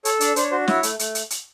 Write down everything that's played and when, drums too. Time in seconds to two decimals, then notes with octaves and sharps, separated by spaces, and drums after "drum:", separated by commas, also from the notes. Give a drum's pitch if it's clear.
0.05 A4 C#5, drum: hi-hat
0.20 D4 D5, drum: hi-hat
0.36 D4 C5, drum: hi-hat
0.43 C#5
0.51 F#4 C5
0.68 E4 C#5, drum: snare
0.83 A3, drum: hi-hat
0.99 A3, drum: hi-hat
1.15 drum: hi-hat
1.30 drum: hi-hat